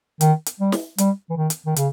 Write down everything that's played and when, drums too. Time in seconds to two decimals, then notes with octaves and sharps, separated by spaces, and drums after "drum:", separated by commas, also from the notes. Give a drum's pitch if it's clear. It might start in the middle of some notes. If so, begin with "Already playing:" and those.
0.21 D#3, drum: hi-hat
0.46 drum: hi-hat
0.60 G3
0.72 drum: snare
0.98 G3, drum: hi-hat
1.30 E3
1.36 D#3
1.50 drum: hi-hat
1.66 D#3
1.76 C#3, drum: hi-hat